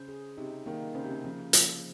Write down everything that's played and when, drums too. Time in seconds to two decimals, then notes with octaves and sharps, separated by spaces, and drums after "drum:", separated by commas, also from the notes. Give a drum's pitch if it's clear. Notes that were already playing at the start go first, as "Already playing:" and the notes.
Already playing: C#3 C5
0.08 G#4
0.37 C3 D#4
0.66 D#3 A#3
0.95 C#3 C5
1.04 C3
1.11 C#3
1.24 C#3 F3
1.53 F3, drum: hi-hat